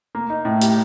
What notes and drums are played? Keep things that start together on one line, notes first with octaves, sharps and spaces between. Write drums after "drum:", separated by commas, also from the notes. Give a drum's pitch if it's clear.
A#3
D#4
A2
G3, drum: hi-hat